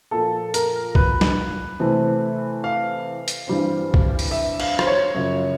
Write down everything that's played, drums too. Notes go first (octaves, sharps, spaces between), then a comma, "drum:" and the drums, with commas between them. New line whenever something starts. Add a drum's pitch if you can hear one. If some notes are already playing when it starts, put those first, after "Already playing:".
A#2 F3 A#3 A4
A#4, drum: hi-hat
B4, drum: kick
drum: snare
C3 E3 A3 C4
F5
drum: hi-hat
G2 E3 G3 C4
drum: kick
drum: open hi-hat
E5
F5, drum: cymbal
C5, drum: rim click
C#5
F#2 C#3 F3